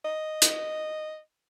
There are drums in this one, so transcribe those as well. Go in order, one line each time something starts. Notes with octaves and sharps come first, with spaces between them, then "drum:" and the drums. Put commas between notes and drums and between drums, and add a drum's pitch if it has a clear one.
D#5
drum: hi-hat